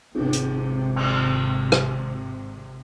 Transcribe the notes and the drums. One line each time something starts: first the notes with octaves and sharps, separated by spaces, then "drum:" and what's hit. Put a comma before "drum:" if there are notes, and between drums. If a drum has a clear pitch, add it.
G#1 C3, drum: cymbal
drum: hi-hat
drum: cymbal
drum: rim click